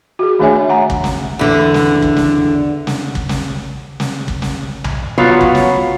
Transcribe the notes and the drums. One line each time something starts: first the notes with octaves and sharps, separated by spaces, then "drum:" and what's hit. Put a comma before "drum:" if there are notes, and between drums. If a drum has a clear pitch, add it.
F#4 G#4
D#3 A3 D4 C#5 E5 G#5
F#5 A#5
drum: kick
drum: snare
E2 D3
drum: snare
drum: kick
drum: snare
drum: snare
drum: kick
drum: snare
drum: snare
drum: kick
drum: snare
drum: tom B1
F#3 B3 F4 C#5
drum: kick
drum: snare